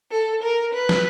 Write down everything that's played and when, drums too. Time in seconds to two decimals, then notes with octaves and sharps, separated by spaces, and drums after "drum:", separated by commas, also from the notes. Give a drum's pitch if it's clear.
0.11 A4
0.43 A#4
0.74 B4
0.89 drum: snare